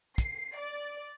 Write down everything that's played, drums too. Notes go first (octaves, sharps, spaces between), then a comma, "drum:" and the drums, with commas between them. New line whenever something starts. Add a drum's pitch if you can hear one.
C7, drum: kick, hi-hat
D5